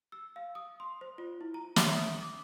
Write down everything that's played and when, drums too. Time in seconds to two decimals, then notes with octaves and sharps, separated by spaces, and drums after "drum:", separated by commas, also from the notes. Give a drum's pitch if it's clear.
0.12 E6
0.36 F5
0.55 D#6
0.80 C6
1.01 C5
1.18 F4
1.41 E4
1.54 A#5
1.76 E5, drum: snare
1.96 D#6
2.22 D6